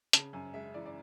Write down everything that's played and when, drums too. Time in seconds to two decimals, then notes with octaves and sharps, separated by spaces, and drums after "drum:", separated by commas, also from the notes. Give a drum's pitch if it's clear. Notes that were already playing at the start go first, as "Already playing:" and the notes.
0.13 C#3 A5, drum: hi-hat
0.33 F#2 G#5
0.54 G#3 E5
0.74 E3 D5
0.86 D5